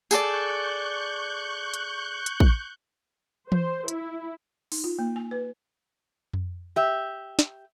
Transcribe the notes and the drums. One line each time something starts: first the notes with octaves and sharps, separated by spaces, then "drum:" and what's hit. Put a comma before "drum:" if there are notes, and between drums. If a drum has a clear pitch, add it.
G#4 A4 D5 C#6 F#6 G6, drum: tambourine
drum: hi-hat
drum: hi-hat
drum: kick
C5, drum: tom E3
E4, drum: hi-hat
D#4, drum: open hi-hat
F4
A#3
G#5
B4
drum: tom F2
G4 E5
drum: snare